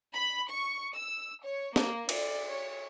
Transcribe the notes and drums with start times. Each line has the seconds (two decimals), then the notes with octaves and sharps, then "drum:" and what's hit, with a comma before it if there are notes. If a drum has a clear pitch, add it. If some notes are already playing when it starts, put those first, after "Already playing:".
0.13 B5
0.50 C#6
0.95 E6
1.44 C#5
1.76 A#3, drum: snare
2.09 D5, drum: cymbal
2.48 C#5